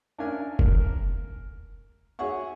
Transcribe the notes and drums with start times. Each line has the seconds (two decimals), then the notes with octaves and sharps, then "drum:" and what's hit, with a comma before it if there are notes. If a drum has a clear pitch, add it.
0.18 C#4 D4 A#4 E5 F5 G#5
0.59 A#4, drum: kick F1
2.19 F#4 G#4 C#5 E5 F#5 C#6